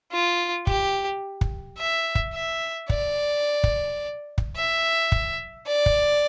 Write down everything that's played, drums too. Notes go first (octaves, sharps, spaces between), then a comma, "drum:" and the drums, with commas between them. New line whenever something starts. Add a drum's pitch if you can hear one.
F4
G4, drum: kick
drum: kick
E5
drum: kick
E5
D5, drum: kick
drum: kick
drum: kick
E5
drum: kick
D5
drum: kick